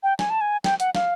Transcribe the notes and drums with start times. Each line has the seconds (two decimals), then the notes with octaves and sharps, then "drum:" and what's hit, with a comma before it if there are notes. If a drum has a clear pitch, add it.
0.03 G5
0.19 G#5, drum: snare
0.30 A5
0.41 G#5
0.64 G5, drum: snare
0.80 F#5, drum: hi-hat
0.95 F5, drum: snare